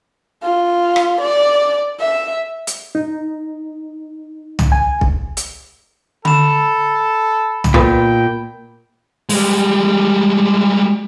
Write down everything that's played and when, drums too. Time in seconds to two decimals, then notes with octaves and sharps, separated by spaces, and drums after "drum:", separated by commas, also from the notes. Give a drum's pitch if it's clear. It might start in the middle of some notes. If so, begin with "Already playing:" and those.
0.43 F4
0.96 drum: rim click
1.21 D5
2.00 E5
2.67 drum: hi-hat
2.95 D#4
4.59 drum: tom
4.72 G#5
5.01 drum: kick B1
5.37 drum: hi-hat
6.25 A4 B5 E7, drum: tom D3
7.64 drum: tom
7.74 A#2 B3 A4 B4 G5
9.29 G3 G#3, drum: open hi-hat